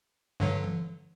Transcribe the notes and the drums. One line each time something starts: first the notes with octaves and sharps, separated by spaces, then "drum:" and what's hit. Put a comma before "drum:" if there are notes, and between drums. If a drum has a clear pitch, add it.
G2 D3 F#3
drum: tom E3